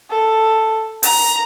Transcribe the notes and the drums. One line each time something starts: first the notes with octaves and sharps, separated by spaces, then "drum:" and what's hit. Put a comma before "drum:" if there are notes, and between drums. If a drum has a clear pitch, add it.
A4
A#5, drum: open hi-hat